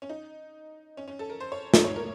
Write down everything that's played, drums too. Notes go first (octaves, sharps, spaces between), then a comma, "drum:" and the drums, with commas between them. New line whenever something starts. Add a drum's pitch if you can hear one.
C#4
D#4
C#4
C#4
A4
A#4
C5
C#5
C#5, drum: snare
C#5
A#4